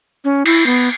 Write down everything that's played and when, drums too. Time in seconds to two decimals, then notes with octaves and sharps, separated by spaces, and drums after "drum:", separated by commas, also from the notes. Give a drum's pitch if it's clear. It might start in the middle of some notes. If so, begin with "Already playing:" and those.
0.24 C#4
0.46 E4, drum: cymbal
0.66 B3